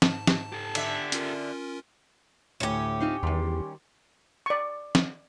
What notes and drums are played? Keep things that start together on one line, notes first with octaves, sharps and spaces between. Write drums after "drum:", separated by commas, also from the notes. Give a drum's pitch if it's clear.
G#2 A5, drum: snare
drum: snare
G4 A4
D3 E5, drum: cymbal
C#4 F4 A#4, drum: hi-hat
D2 A2 C#4 G4
C4 D#4 F4
E2 D#3 G3 C6
D5 C#6
drum: snare